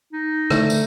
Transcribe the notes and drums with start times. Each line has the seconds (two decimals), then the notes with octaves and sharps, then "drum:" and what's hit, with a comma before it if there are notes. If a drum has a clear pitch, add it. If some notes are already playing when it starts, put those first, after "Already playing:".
0.13 D#4
0.50 D3 A3, drum: rim click
0.70 drum: tambourine